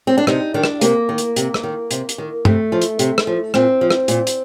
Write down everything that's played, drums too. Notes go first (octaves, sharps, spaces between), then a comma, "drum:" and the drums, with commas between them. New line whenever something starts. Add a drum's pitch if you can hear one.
C4
D4
C3 D#4, drum: rim click
D#3 D4
drum: rim click
C3 A#3, drum: hi-hat
D#3
drum: hi-hat
C3, drum: hi-hat
drum: rim click
D#3
C3, drum: hi-hat
drum: hi-hat
D#3
C3 A3, drum: tom
F3
drum: hi-hat
C3, drum: hi-hat
drum: rim click
F3
A#2 C4, drum: rim click
F3
drum: rim click
A#2, drum: hi-hat
drum: hi-hat